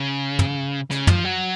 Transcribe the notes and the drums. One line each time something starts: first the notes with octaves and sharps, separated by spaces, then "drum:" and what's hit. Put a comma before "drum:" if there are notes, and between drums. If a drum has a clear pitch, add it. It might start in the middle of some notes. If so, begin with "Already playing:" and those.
Already playing: C#3
drum: tom
C#3, drum: rim click
F3, drum: tom
F#3